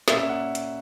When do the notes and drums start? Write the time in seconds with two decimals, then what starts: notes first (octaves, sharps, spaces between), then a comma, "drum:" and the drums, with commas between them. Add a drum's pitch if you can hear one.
0.08 A#2 A#3 C#4 E5, drum: snare
0.18 E5
0.29 F#5
0.55 drum: hi-hat